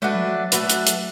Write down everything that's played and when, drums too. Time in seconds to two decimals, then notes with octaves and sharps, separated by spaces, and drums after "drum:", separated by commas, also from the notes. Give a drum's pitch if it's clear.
0.02 G#3 A3 D4 F#4 B4
0.15 F#3
0.27 F#3
0.40 F#3
0.52 A3 D4 F#4 B4, drum: hi-hat
0.70 drum: hi-hat
0.87 drum: hi-hat